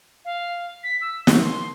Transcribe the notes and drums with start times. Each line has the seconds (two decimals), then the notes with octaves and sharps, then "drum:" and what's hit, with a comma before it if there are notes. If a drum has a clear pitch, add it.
0.24 F5
0.83 B6
1.01 E6
1.27 C#6, drum: snare
1.42 C6